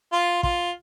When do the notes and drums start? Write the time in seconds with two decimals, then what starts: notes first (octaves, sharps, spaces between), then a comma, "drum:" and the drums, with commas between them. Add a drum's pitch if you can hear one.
0.12 F4
0.43 F4, drum: kick